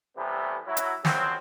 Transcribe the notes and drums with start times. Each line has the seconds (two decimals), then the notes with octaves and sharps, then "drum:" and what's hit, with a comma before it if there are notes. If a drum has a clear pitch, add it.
0.17 A2 C3 E3 G3 A3 B3
0.67 F#3 E4
0.77 drum: hi-hat
1.05 F2 C#3 F#3 B3 C4, drum: snare